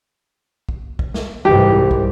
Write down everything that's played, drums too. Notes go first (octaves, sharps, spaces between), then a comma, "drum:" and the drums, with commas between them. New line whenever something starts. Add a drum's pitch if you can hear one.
drum: kick
drum: kick
drum: snare
C2 G#2 E3 G4
drum: kick